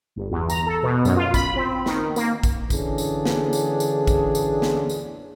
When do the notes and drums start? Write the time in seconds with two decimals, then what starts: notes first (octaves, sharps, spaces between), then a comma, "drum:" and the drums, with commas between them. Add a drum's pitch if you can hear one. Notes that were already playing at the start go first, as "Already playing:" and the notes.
0.16 G1
0.31 E2
0.50 A#5, drum: tambourine
0.67 A4
0.83 B2
1.05 F#2, drum: tambourine
1.17 F4
1.34 B5, drum: kick A1, tambourine
1.56 C4
1.86 D#3, drum: snare
2.16 A#3, drum: tambourine
2.43 drum: kick A1, tambourine
2.70 D3 E3 C#4 D4 G#4, drum: kick A1, tambourine
2.98 drum: tambourine
3.25 drum: snare
3.53 drum: tambourine
3.80 drum: tambourine
4.07 drum: kick A1, tambourine
4.35 drum: tambourine
4.62 drum: snare
4.89 drum: tambourine